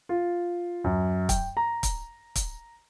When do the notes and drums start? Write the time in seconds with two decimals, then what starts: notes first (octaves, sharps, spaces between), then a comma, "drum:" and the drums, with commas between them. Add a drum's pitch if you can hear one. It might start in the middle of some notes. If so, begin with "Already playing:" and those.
0.09 F4
0.84 F#2
1.29 G5, drum: kick, hi-hat
1.57 A#5
1.83 drum: kick, hi-hat
2.36 drum: kick, hi-hat